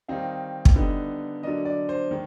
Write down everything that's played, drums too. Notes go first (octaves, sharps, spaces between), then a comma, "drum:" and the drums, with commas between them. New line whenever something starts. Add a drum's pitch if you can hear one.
D#3 G3 C4 D#4 F5
drum: kick
D3 G3 B3 D#4
D3 F#3 A#3 D4 D#5
D5
C5
D#3 G#3